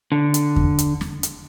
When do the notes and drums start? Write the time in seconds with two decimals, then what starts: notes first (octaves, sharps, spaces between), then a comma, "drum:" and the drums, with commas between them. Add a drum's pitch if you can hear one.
0.12 D3
0.34 drum: hi-hat
0.56 drum: kick E2
0.79 drum: hi-hat
1.01 drum: snare
1.23 drum: hi-hat